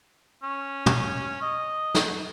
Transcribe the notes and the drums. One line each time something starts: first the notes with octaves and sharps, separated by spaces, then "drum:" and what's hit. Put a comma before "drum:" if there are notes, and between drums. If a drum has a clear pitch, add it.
C#4
drum: tom
D#5
drum: snare